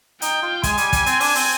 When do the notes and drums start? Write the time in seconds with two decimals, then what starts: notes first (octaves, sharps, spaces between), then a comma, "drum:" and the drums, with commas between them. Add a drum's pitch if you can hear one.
0.22 D#4 G5, drum: hi-hat
0.42 F4
0.63 G#3 G#5, drum: kick, hi-hat
0.78 G3, drum: hi-hat
0.93 G3, drum: kick, hi-hat
1.06 C4, drum: hi-hat
1.20 D4, drum: open hi-hat
1.35 C4, drum: open hi-hat